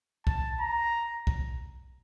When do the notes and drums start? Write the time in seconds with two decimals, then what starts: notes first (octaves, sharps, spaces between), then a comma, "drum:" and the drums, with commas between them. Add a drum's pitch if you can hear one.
0.27 A5, drum: kick B1
0.60 A#5
1.27 drum: kick B1